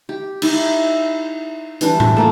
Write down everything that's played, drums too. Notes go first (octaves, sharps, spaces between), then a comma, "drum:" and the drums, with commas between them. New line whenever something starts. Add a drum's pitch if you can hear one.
G4
D#4 E4, drum: cymbal
E3 G3 D4 B4, drum: hi-hat
drum: tom A2
A3 A#3 F4